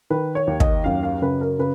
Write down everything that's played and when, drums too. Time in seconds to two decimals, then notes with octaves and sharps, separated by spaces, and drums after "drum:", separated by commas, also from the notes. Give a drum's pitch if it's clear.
0.10 D#3 B4
0.35 C#5
0.47 D#2
0.60 D#5, drum: kick
0.84 F#2 F5
1.03 F5
1.22 C#3 B4
1.41 A#4
1.59 C#3 B4